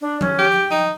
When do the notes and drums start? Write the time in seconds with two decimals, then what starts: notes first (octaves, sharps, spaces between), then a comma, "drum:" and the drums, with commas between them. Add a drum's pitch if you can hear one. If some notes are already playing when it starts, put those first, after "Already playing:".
0.01 D4
0.21 C#4, drum: tom F3
0.39 G4
0.52 G5
0.71 D#4